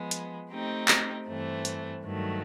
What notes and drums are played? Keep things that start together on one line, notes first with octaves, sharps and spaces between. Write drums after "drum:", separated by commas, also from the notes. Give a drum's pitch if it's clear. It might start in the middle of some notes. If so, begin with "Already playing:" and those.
Already playing: F3 G#3 B3
drum: hi-hat
A3 C4 D#4 G4
drum: clap
G2 E3 A3 C4
drum: hi-hat
G2 D#3 F#3 A3